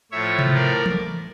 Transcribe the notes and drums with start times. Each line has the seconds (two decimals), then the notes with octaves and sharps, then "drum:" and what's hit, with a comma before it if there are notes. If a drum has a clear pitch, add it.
0.11 A2 F3 A3 C#5 E5
0.39 drum: tom C3
0.55 A#4 D5
0.86 drum: tom E3